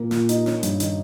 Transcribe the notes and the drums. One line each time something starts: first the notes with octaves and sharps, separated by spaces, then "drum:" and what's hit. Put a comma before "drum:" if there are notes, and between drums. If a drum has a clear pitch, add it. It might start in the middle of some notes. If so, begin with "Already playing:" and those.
Already playing: A#2 A#3
A#2, drum: snare
D#4, drum: hi-hat
C#4, drum: snare
G2, drum: hi-hat
D#3, drum: hi-hat